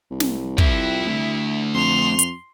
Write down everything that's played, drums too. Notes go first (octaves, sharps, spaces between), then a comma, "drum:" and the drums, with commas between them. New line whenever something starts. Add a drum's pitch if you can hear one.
C2
drum: snare
E4 F4 G5, drum: kick
A3 D4
F2 C6 F7
drum: hi-hat